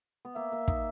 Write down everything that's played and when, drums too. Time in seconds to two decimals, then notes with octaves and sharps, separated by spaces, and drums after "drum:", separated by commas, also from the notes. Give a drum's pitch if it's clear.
0.25 B3
0.35 A#3 E5
0.52 A#3
0.68 D#4, drum: kick